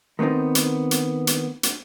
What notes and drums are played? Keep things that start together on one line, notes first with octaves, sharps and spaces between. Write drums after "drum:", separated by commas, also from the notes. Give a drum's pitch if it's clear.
D#3 A3 B3 C4 D#4
drum: hi-hat
drum: hi-hat
drum: hi-hat
drum: hi-hat